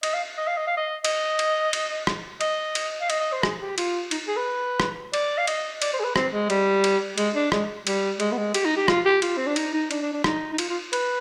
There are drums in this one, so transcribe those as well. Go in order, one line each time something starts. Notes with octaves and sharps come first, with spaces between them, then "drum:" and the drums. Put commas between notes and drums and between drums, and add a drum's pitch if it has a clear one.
D#5, drum: cymbal
F5
D#5
F5
D#5
F5
D#5
D#5, drum: cymbal
drum: cymbal
drum: cymbal
drum: rim click
D#5, drum: cymbal
drum: cymbal
F5
D#5, drum: cymbal
D#5
C5
G#4, drum: rim click
G4
F4, drum: cymbal
D#4, drum: cymbal
G#4
B4
drum: rim click
D5, drum: cymbal
F5
D#5, drum: cymbal
D5, drum: cymbal
C5
G#4
B4
C4, drum: rim click
G#3
G3, drum: cymbal
drum: cymbal
G#3, drum: cymbal
D4
G#3, drum: rim click
G3, drum: cymbal
G#3, drum: cymbal
B3
G#3
G4, drum: cymbal
D#4
G4
F4, drum: rim click
G4
F4, drum: cymbal
C4
D4
D#4, drum: cymbal
D#4
D4, drum: cymbal
D4
D4
D#4, drum: rim click
D#4
F4, drum: cymbal
F4
B4, drum: cymbal